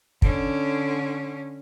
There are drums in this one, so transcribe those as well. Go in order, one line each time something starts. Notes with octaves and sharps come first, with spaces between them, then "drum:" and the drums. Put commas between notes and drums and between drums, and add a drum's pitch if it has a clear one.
D3 C#4, drum: kick